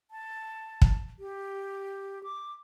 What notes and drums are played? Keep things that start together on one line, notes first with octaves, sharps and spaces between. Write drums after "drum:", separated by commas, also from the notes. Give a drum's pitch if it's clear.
A5
drum: kick
G4
D6